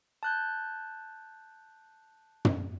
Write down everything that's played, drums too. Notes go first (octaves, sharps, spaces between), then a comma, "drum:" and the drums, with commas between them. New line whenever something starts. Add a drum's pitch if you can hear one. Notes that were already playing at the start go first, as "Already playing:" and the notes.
A5 F#6 G6
drum: tom